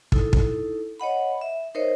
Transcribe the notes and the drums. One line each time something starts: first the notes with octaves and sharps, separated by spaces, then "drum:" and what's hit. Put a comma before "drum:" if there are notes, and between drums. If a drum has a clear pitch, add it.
D#4 E4 A4, drum: kick
drum: kick
C#5 D#5 F#5 B5
E5
D#4 A#4 C5 C#5 D#5